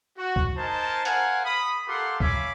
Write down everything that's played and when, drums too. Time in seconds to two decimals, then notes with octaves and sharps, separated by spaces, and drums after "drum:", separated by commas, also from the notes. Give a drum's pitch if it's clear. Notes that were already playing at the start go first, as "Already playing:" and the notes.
0.17 F#4
0.36 drum: kick C2
0.57 D#4 A#4 C5 G#5 A5
1.05 A#4 C5 F5 F#5 G#5, drum: hi-hat
1.45 B5 D#6
1.88 F4 G4 A4 A#4 F#5 C6
2.20 C#5 E5 F5 G#5 B5 D6, drum: kick C2